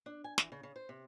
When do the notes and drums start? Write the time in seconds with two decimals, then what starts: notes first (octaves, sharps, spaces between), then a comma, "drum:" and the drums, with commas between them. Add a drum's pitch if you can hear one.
0.06 D4
0.24 G#5
0.38 E3, drum: snare
0.52 C#3
0.63 C#3
0.76 C5
0.89 C3